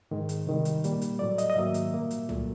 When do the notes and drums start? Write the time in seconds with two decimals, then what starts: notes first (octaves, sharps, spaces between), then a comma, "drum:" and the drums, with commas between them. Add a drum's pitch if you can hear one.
0.11 G#2 D#3 G#3
0.29 drum: hi-hat
0.47 C3 D#3 G3
0.65 drum: hi-hat
0.84 A#2 G3 A#3, drum: hi-hat
1.02 drum: hi-hat
1.19 A2 F#3 A3 D5
1.38 D#5, drum: hi-hat
1.50 D#5
1.55 G#2 D#3 F#3 A#3 E5
1.74 drum: hi-hat
1.93 A#2 G3 A#3
2.11 drum: hi-hat
2.29 A#2 F#3 A3, drum: tom